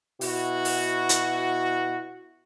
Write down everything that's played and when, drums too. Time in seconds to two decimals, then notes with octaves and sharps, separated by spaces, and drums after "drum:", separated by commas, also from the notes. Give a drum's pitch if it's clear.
0.21 B2 E4 F#4, drum: open hi-hat
0.65 drum: open hi-hat
1.09 drum: hi-hat